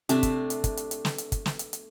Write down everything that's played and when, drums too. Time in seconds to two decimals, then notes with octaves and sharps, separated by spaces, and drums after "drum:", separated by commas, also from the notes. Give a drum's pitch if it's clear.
0.09 C3 A3 D4 E5, drum: hi-hat
0.23 drum: kick, hi-hat
0.50 drum: hi-hat
0.64 drum: kick, hi-hat
0.77 drum: hi-hat
0.91 drum: hi-hat
1.05 drum: snare
1.18 drum: hi-hat
1.32 drum: kick, hi-hat
1.46 drum: snare
1.59 drum: hi-hat
1.73 drum: hi-hat